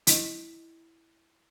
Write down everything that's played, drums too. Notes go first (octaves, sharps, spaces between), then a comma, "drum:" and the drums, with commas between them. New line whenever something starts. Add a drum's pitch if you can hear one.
E4 D#5, drum: hi-hat